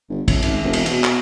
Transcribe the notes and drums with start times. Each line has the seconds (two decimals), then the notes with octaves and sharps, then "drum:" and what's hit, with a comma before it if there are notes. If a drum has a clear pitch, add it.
0.09 G1
0.28 C#2, drum: kick, cymbal
0.42 G#1, drum: cymbal
0.64 E1
0.73 drum: cymbal
0.86 B2, drum: cymbal
1.04 drum: clap